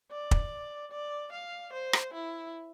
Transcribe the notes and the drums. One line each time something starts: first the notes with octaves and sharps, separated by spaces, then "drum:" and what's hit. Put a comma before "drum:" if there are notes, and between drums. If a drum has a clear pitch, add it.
D5
drum: kick
D5
F5
C5
drum: rim click
E4